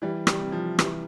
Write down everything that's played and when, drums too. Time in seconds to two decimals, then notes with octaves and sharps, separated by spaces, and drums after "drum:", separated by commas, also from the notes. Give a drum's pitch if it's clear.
0.02 E3 G3
0.27 G3, drum: rim click
0.40 C3
0.52 F3
0.79 E3 G3, drum: rim click